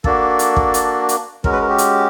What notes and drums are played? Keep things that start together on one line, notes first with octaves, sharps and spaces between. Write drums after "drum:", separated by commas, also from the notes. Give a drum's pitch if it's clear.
A#3 D4 F#4 A4, drum: kick
drum: hi-hat
drum: kick
drum: hi-hat
drum: hi-hat
G#3 C#4 F#4 A#4, drum: kick
B4
A#4
G4
drum: hi-hat